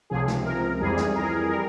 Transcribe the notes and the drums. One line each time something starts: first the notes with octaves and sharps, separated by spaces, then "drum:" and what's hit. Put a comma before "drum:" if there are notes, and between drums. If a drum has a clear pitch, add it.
C#2 C3 F3 G#4
drum: snare
A#4
F2 E3 G3 G#4
drum: snare
A#4
G#4
A#4
G3 A#4